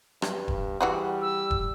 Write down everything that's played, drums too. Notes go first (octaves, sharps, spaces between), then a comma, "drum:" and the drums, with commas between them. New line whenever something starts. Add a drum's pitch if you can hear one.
G2, drum: rim click
drum: kick E1
E3 G3 F#4 G#4
E6
drum: kick E1